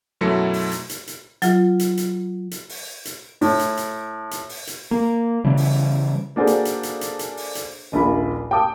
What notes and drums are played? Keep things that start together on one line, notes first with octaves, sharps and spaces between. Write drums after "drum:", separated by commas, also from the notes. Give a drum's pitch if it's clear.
F#2 B2 F#3 A3 E4 C#7
drum: open hi-hat
drum: hi-hat
drum: hi-hat
drum: hi-hat
F#3 F4, drum: hi-hat
drum: hi-hat
drum: hi-hat
drum: hi-hat
drum: open hi-hat
drum: hi-hat
A2, drum: open hi-hat
drum: hi-hat
drum: hi-hat
drum: hi-hat
drum: open hi-hat
drum: hi-hat
A#3
C#3 E3 G3
drum: open hi-hat
A#3 D4 F#4 G#4 A4 C5
drum: hi-hat
drum: hi-hat
drum: hi-hat
drum: hi-hat
drum: hi-hat
drum: open hi-hat
drum: hi-hat
D#1 A#1 A#2 B5
G4 G5 A5 D6 D#6